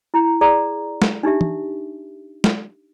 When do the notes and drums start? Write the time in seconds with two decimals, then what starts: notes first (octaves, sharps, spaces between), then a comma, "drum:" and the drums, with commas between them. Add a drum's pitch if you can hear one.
0.14 E4 A#5
0.41 G#4 D5 A#5
1.02 drum: snare
1.23 D4 D#4 G4 E5
1.41 drum: tom
2.44 drum: snare